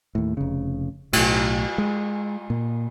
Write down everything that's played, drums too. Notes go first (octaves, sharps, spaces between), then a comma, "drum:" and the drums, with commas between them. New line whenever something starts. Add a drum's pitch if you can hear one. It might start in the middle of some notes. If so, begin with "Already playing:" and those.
D#2 A2
F1 C#3
B1 A2, drum: cymbal
G#3
A#2